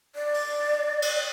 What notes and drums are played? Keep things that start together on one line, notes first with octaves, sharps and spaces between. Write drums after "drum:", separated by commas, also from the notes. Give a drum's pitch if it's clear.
D5
drum: open hi-hat
drum: cymbal